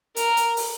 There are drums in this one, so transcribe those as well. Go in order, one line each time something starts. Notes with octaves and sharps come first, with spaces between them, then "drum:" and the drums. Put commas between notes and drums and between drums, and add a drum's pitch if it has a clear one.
A#4, drum: hi-hat
drum: hi-hat
drum: open hi-hat